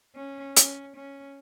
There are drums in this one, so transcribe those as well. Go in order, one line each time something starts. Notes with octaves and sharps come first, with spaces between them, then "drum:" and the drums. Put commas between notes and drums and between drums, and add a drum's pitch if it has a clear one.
C#4
C#4, drum: hi-hat
C#4